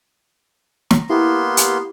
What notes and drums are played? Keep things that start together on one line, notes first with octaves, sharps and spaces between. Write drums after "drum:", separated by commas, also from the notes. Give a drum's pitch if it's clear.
A#5, drum: snare
A#3 B3 E4 G4 C6
drum: hi-hat